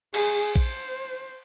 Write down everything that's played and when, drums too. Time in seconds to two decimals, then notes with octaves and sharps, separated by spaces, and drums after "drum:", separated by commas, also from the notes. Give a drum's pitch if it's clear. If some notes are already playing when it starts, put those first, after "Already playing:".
0.14 G#4, drum: cymbal
0.56 C5, drum: kick A#1